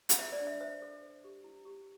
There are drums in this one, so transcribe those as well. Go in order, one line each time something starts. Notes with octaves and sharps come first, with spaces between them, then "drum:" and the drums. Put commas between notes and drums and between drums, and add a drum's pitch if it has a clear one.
drum: hi-hat
C5 E5
D5
D4
E5
C5 E5
A4
C5
G4
E4
G4